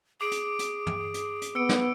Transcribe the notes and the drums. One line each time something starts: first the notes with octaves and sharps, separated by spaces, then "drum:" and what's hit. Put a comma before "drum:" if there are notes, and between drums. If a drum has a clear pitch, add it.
G#4 D6 D7
drum: hi-hat
drum: hi-hat
drum: tom
drum: hi-hat
drum: hi-hat
B3 E6 C#7 D7
drum: snare